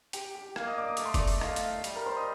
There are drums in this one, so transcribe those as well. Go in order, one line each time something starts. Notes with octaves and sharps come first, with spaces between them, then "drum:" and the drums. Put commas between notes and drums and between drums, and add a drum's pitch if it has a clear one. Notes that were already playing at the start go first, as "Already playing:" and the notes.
G4 G5, drum: hi-hat
G4 G5
A#3 F5 F6, drum: rim click
D#5 D#6
D5 D6
D#6
A3 D6, drum: hi-hat
C6
D5 D6, drum: kick F#1, hi-hat
drum: open hi-hat
D#5
A3 F5, drum: rim click
F5, drum: hi-hat
F5
G3, drum: hi-hat
A#4 A#5
C5 C6
D#5 D#6